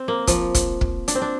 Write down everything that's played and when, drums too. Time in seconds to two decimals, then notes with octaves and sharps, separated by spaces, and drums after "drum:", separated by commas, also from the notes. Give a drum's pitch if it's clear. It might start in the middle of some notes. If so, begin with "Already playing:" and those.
Already playing: C4
0.08 A#3
0.27 F3, drum: kick, hi-hat
0.54 drum: kick, hi-hat
0.81 drum: kick
1.08 D4, drum: hi-hat
1.15 C4
1.22 D4